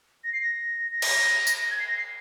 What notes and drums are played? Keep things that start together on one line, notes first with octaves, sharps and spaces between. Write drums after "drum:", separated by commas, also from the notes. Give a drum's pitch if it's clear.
A#6
C7
A#6
A#6
drum: cymbal
drum: tambourine
A#6
G#6
C7
A#6
C7